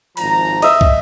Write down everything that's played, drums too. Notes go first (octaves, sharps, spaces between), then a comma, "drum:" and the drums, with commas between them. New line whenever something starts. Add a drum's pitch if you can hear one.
G#1 F3 A#5, drum: cymbal
D#5 E5, drum: cymbal
drum: kick